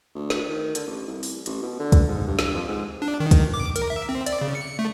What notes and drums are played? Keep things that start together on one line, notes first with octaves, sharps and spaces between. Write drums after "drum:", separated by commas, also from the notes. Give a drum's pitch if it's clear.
D2
drum: snare
D#3
D3, drum: hi-hat
A1
C2
drum: open hi-hat
A1, drum: hi-hat
B2
D3
drum: kick, hi-hat
G#2
G2
drum: snare
F2
G#2
D4
D#3
drum: kick, hi-hat
D6
A#4, drum: hi-hat
E5
C4
D5, drum: hi-hat
C#3
C#7
A3